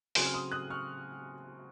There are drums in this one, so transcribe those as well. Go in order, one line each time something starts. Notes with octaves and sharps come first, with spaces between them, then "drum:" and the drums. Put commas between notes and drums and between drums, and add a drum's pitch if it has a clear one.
C#3 F#3 C4 G#5 C6, drum: open hi-hat
F6
C6 D#6
D#6 F#6
C#6 F6